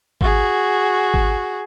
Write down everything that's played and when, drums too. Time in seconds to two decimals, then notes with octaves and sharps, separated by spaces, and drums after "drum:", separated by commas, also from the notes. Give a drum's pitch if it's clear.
0.21 F#4 G#4, drum: kick G#1
1.14 drum: kick G#1